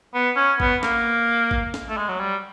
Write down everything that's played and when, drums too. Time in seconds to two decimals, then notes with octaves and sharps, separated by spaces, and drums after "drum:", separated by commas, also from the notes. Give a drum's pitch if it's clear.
0.14 B3
0.36 C#4
0.60 B3, drum: kick G#1
0.83 A#3, drum: snare
1.51 drum: kick G#1
1.74 drum: snare
1.89 A3
1.97 G#3
2.09 F#3
2.20 G3